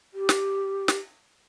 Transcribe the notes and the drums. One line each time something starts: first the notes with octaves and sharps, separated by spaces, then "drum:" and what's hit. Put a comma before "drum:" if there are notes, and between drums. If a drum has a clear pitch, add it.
G4
drum: snare
drum: snare